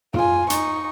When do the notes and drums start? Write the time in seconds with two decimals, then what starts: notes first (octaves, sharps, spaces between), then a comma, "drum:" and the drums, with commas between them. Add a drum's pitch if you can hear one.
0.14 F4 G#5, drum: tom
0.50 D#4 C#6, drum: hi-hat